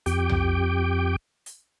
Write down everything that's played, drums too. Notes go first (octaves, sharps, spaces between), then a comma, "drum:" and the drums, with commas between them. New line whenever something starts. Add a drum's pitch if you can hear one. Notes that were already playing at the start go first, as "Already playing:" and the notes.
F2 G4 G5, drum: hi-hat
drum: tom B1
drum: hi-hat